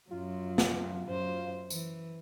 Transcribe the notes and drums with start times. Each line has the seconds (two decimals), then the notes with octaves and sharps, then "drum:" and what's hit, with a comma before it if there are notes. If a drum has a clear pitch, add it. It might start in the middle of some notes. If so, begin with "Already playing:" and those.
0.11 F#2 F#3 F4
0.58 drum: snare
1.08 F#2 C5
1.70 E3, drum: tambourine